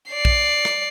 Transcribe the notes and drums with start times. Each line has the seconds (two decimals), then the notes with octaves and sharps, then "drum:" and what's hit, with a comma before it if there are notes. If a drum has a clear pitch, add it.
0.11 D5 C7
0.25 drum: kick A#1
0.65 drum: rim click